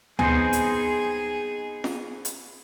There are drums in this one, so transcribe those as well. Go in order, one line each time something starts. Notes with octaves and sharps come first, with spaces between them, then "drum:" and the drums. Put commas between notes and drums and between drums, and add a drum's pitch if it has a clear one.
B3 C4 D#4 G#4 C5 G#5, drum: tom D2
drum: hi-hat
drum: snare
drum: hi-hat